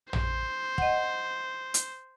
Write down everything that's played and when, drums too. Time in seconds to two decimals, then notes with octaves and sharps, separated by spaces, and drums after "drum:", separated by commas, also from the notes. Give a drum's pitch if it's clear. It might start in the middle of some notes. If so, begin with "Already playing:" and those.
0.13 C5, drum: tom
0.78 D#5 F#5, drum: kick
1.74 drum: hi-hat